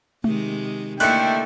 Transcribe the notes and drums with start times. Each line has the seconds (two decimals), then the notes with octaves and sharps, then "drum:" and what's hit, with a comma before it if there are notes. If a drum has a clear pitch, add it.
0.24 C3 D#3 G#3, drum: tom G#3
1.00 D3 D#3 A3 A#3 E4 G5 F#6 C#7, drum: open hi-hat